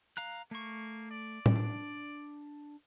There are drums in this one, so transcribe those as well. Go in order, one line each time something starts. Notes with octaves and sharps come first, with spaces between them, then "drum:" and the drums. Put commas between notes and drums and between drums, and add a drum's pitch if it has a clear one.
F5 A#5 F#6
A3 A#3 C#6
D5
drum: tom A2
D4